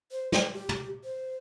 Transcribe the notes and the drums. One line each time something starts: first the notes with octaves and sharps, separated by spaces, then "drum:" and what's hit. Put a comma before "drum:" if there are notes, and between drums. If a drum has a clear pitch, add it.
C5
C5, drum: snare
G4
drum: tom
C5